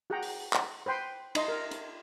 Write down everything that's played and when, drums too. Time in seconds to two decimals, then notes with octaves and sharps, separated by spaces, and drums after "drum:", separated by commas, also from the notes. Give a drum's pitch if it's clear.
0.10 F#4 G#4 F#5 G5 A#5
0.23 drum: open hi-hat
0.53 drum: clap
0.86 B4 C5 G5 C6
1.35 D#4 D#5 C6, drum: cymbal
1.48 A#4
1.71 drum: hi-hat